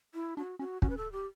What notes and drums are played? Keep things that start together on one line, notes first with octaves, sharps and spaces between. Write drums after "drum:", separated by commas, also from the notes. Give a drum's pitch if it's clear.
E4
D4 F#4
C#4 F#4
C#4 F#4, drum: kick
B4
A4
G4